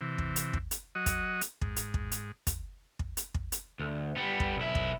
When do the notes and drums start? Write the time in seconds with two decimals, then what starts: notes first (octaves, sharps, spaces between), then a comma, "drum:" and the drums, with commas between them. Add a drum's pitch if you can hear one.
0.01 C3 E3
0.18 drum: kick
0.36 drum: hi-hat
0.53 drum: kick
0.71 drum: hi-hat
0.95 F#3 F#4 D#5
1.06 drum: kick, hi-hat
1.41 drum: hi-hat
1.61 G#2, drum: kick
1.76 drum: hi-hat
1.94 drum: kick
2.12 drum: hi-hat
2.47 drum: kick, hi-hat
2.99 drum: kick
3.17 drum: hi-hat
3.34 drum: kick
3.52 drum: hi-hat
3.79 D2
4.17 G3 B3
4.40 drum: kick
4.57 B1 E4
4.75 drum: kick